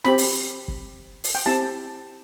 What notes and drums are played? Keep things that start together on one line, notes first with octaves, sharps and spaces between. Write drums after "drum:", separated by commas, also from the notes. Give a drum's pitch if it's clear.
C4 G4 B5, drum: snare
drum: open hi-hat
drum: kick
drum: open hi-hat
G5
C4 E4 G4 A5